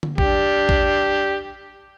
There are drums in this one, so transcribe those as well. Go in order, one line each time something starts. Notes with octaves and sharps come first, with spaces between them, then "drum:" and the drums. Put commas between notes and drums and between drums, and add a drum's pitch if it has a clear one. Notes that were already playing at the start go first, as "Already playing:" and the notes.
drum: tom D3
D4 G4, drum: kick
drum: kick